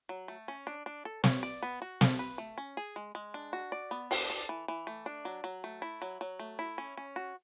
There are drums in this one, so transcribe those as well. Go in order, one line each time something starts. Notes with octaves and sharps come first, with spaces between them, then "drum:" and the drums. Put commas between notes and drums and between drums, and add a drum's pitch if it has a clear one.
F#3
A3
C#4
D4
D4
A4
C#5, drum: snare
D5
B3
F#4
A4, drum: snare
B4
A3
C#4
G#4
G#3
G#3
D4
F#4
D5
B3
D4, drum: open hi-hat
A4
E3
E3
A3
D4
F#3
F#3
A3
E4
F#3
F#3
A3
E4
C#4
C#4
F#4